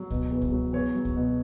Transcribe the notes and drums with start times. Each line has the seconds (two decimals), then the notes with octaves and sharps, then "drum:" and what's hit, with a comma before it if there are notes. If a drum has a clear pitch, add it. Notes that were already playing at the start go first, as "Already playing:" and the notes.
Already playing: F#3
0.10 B2, drum: kick C#2
0.31 E2
0.42 drum: kick C#2
0.52 F#3
0.73 E2 C#5
0.94 F#3
1.05 drum: kick C#2
1.16 B2